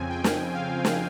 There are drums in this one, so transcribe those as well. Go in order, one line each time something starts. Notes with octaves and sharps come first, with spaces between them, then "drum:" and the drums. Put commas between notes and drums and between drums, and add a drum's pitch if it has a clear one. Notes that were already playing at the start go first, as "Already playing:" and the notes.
Already playing: F2 C#3 F3 C4 G#5
G5
drum: snare
F5
drum: snare